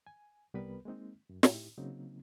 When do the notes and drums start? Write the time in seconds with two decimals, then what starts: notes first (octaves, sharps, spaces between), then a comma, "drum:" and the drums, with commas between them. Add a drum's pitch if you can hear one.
0.07 G#5
0.54 C2 G3 B3 A#4 B4 B5
0.85 G#3 A#3 C4 D#4
1.29 F#2
1.43 A2 D#4 E4 G4, drum: snare
1.78 C#3 F#3 A#3 C4 D#4